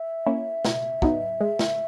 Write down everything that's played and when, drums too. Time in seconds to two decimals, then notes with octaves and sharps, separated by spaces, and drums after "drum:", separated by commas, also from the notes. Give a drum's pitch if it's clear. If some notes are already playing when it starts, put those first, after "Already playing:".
Already playing: E5
0.26 A#3 C#4 E4
0.65 B2, drum: snare
1.02 F#3 B3 D#4, drum: kick
1.41 G#3
1.59 drum: snare